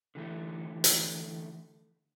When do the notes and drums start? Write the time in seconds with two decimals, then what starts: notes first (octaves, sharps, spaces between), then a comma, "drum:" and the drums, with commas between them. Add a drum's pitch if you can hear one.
0.15 D3 E3 A3
0.84 drum: hi-hat